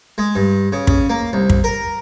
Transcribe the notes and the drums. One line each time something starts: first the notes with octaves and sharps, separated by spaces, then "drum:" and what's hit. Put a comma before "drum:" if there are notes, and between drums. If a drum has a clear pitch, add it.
G#3
G2
C#3
C#3, drum: kick
A#3
C2
drum: kick
A#4